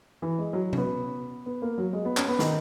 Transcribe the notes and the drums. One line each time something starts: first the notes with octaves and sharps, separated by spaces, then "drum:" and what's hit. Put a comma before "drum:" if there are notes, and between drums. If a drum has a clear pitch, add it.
E3
G#3
F#3
C#4, drum: tom C3
B3
B3
A#3
F#3
G#3
B3
C#4, drum: clap
B3
D#3, drum: snare